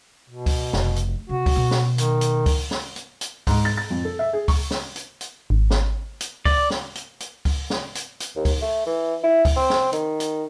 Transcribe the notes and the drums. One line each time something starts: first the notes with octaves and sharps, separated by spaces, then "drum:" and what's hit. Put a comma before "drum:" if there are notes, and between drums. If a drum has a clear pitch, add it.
B2
drum: kick C#2, open hi-hat
F1, drum: snare
drum: hi-hat
C3 F#4
drum: kick C#2, open hi-hat
B2
drum: snare
D#3, drum: hi-hat
drum: hi-hat
drum: kick C#2, open hi-hat
drum: snare
drum: hi-hat
drum: hi-hat
G#2, drum: kick C#2, open hi-hat
A6
A6
F2
A4
E5
G#4
C#6, drum: kick C#2, open hi-hat
drum: snare
drum: hi-hat
drum: hi-hat
G#1
drum: snare
drum: hi-hat
D5, drum: kick C#2, open hi-hat
drum: snare
drum: hi-hat
drum: hi-hat
drum: kick C#2, open hi-hat
drum: snare
drum: hi-hat
drum: hi-hat
D#2
drum: kick C#2, open hi-hat
A3
E3
E4
drum: kick C#2, open hi-hat
C4
drum: snare
D#3, drum: hi-hat
drum: hi-hat